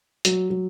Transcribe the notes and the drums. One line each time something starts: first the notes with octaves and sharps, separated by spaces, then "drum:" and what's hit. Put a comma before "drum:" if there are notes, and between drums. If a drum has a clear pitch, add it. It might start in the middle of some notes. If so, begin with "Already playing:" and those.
F#3, drum: hi-hat
F#3